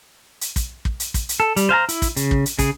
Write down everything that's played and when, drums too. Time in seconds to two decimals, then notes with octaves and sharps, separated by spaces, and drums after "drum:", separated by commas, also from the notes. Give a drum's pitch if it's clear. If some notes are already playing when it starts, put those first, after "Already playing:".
0.41 drum: hi-hat
0.56 drum: kick, hi-hat
0.85 drum: kick
1.00 drum: hi-hat
1.14 drum: kick, hi-hat
1.29 drum: hi-hat
1.40 A4
1.56 G3, drum: hi-hat
1.69 C5 F5 G#5 A#5
1.89 E4, drum: hi-hat
2.02 drum: kick, hi-hat
2.16 C#3, drum: hi-hat
2.31 drum: kick
2.46 drum: hi-hat
2.59 C#3 G#4, drum: kick, hi-hat